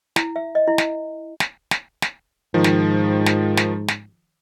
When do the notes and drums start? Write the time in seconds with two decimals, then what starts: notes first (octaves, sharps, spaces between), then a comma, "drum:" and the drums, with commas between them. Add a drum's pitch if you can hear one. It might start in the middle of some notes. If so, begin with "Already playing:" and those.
0.16 E4, drum: snare
0.36 E5
0.55 D#5
0.68 E4
0.78 drum: snare
1.40 drum: snare
1.71 drum: snare
2.02 drum: snare
2.54 G#2 D#3 F3
2.64 drum: snare
3.26 drum: snare
3.57 drum: snare
3.88 drum: snare